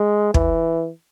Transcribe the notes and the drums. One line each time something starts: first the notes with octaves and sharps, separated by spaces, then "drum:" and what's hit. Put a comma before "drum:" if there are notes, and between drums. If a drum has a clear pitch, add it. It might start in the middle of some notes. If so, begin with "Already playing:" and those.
Already playing: G#3
E3, drum: kick